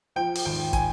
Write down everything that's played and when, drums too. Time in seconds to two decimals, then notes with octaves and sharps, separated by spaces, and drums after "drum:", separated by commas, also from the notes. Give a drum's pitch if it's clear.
0.16 F3 G5
0.35 drum: open hi-hat
0.45 G#1 G5
0.73 G#5, drum: kick, hi-hat